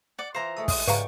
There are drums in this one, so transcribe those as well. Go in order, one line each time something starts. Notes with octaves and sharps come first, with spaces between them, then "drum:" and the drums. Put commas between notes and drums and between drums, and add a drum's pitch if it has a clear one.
D5 F#5
E3 F4 C5 A#5
G#3 A3 A4 D#6
D#5, drum: kick, open hi-hat
G#2 C#3 G4 B4 D5 F5 A#5 C#6, drum: hi-hat